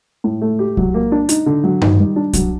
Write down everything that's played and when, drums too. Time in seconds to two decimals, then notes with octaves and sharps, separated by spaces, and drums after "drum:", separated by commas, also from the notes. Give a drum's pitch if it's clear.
0.24 A2
0.41 A3
0.59 G4
0.77 F#3, drum: kick
0.94 A#3
1.12 D4
1.29 D#4, drum: hi-hat
1.46 D3
1.64 F#3
1.82 D#3, drum: tom G2
1.99 G3
2.16 D4
2.33 F#3, drum: kick, hi-hat